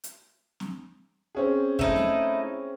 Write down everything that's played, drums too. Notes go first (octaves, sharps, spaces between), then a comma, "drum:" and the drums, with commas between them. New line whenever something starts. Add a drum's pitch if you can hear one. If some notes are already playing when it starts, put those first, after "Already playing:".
drum: hi-hat
drum: snare
C4 C#4 G#4
A3 D#4 E4, drum: kick F2
drum: snare